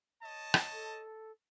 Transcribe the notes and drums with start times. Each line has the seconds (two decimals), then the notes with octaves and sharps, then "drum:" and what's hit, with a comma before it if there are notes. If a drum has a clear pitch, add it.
0.22 C#5 D#5 A5
0.54 drum: rim click
0.72 A4